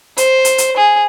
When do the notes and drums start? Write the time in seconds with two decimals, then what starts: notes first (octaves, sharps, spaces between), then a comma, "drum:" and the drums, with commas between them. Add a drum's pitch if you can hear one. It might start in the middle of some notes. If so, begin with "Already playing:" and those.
0.18 C5, drum: hi-hat
0.45 drum: hi-hat
0.58 drum: hi-hat
0.77 G#4